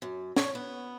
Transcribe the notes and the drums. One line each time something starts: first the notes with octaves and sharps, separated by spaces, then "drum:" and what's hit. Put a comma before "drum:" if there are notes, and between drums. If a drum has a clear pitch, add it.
F#2
C#5, drum: snare
B3